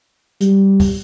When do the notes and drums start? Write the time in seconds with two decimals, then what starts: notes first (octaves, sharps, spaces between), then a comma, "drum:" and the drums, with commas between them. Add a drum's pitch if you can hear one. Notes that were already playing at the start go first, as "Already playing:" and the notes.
0.40 G3, drum: hi-hat
0.80 drum: kick C#2, open hi-hat